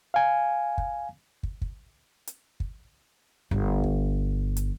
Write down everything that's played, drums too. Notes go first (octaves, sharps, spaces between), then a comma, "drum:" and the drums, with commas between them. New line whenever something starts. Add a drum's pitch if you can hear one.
F5 G#5
drum: kick
drum: kick
drum: kick
drum: hi-hat
drum: kick
G1, drum: kick
drum: kick
drum: hi-hat